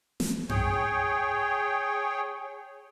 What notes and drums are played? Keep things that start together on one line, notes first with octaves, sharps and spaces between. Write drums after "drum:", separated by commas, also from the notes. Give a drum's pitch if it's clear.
drum: snare
G#4 C#5 G5, drum: tom F#2